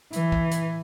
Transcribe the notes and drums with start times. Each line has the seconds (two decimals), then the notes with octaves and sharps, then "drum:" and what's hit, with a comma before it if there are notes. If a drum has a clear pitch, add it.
0.13 E3, drum: hi-hat
0.32 drum: kick
0.52 drum: hi-hat